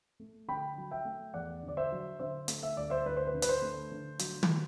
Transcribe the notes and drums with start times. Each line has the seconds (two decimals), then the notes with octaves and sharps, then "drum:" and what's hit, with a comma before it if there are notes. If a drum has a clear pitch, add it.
0.20 A3
0.48 D3 G5 B5
0.78 F#3
0.91 E5 G5
1.05 A3
1.34 E2 D5 F#5
1.63 D3
1.68 D5
1.77 C5 E5
1.92 F#3
2.19 D3 C5 E5
2.48 A3, drum: hi-hat
2.63 E5
2.77 D2 D5
2.90 C5 E5
3.06 D2 B4
3.17 C5
3.27 B4
3.34 D3
3.42 B4, drum: hi-hat
3.49 C5
3.62 A3
3.91 D3
4.19 F#3, drum: hi-hat
4.43 drum: tom